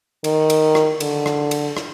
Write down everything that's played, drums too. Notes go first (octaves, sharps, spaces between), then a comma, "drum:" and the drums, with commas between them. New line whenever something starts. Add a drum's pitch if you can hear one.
D#3, drum: cymbal
drum: cymbal
drum: rim click
D3, drum: cymbal
drum: rim click
drum: cymbal
drum: rim click